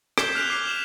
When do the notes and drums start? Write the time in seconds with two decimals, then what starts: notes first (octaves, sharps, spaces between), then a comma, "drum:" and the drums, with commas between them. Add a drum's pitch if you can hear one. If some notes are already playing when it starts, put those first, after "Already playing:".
0.18 G6 G#6 B6 C7 E7 G7, drum: rim click
0.35 F6 F#6 B6 C7 F7
0.50 D6 C7
0.67 E7 F#7